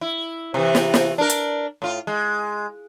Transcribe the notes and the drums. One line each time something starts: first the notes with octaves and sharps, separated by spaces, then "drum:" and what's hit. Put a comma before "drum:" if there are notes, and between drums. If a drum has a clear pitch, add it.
E4
C3 E3
drum: snare
drum: snare
D4 A#4
drum: hi-hat
A2 F4
G#3